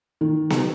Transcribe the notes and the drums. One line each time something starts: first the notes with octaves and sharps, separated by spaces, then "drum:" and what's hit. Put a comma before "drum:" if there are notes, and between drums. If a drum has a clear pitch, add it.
D#3
drum: snare B3